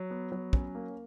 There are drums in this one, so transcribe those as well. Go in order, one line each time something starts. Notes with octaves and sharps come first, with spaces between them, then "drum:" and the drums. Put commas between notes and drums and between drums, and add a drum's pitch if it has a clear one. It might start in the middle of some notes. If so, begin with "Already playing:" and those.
Already playing: F#3
B3
F#3
C#4, drum: kick
A#3